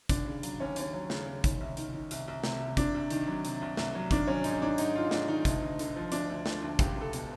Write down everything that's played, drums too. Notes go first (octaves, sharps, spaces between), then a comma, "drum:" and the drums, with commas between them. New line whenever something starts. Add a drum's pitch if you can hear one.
D#2 D4, drum: kick, hi-hat
C#3
F#3, drum: hi-hat
D#2 C#4
D#2 C#4, drum: hi-hat
F#3
C#3, drum: snare
C#3
D#3, drum: kick, hi-hat
C2
D#3, drum: hi-hat
D#3
C2, drum: hi-hat
C2
C3, drum: snare
C2
C3 D4, drum: kick, hi-hat
C2
D#3, drum: hi-hat
F#3
C3, drum: hi-hat
C2
C2, drum: snare
F#3
D#3 D4, drum: kick, hi-hat
F#3 C#4
G#2 D#4, drum: hi-hat
G#2 D4
G#2 D#4, drum: hi-hat
G#2 F4
G#2 D4, drum: snare
D#3 D#4
D2, drum: kick, hi-hat
D2
D3, drum: hi-hat
F3
D2 D4, drum: hi-hat
D2
F3, drum: snare
D2
C#2 G4, drum: kick, hi-hat
C#2 A4
B2, drum: hi-hat